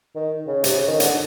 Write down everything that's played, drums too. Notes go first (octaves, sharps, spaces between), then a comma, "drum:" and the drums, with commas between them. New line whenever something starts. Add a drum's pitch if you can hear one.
D#3
C#3
C3, drum: hi-hat
C#3
D#3
D3, drum: hi-hat